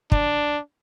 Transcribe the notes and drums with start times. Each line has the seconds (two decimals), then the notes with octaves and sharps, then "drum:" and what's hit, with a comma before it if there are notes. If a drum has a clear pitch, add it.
0.12 D4, drum: kick